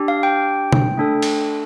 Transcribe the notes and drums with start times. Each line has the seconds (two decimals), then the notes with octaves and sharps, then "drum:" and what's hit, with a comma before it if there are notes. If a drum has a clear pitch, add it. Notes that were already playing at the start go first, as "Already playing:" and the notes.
Already playing: D4 G4
0.08 F5
0.23 G5
0.72 drum: tom B2
0.97 A3 D4 A4
1.22 drum: cymbal